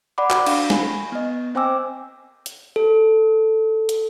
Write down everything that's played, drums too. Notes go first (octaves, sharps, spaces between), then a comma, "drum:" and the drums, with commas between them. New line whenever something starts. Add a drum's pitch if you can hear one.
D5 F#5 B5 D6
F#4, drum: clap
D4 F5, drum: cymbal
G#5 B5, drum: snare
B3 D#5
C4 C5 G5 G#5 D6 E6
drum: hi-hat
A4
drum: hi-hat